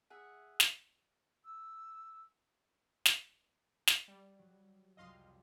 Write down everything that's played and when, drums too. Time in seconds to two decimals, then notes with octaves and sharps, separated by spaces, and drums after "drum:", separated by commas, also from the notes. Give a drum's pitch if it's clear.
0.10 G#4 E5 F#5
0.60 drum: snare
1.44 E6
3.06 drum: snare
3.87 drum: snare
4.08 G3
4.39 F#3
4.97 C2 F2 F#3 D#5 F5 C6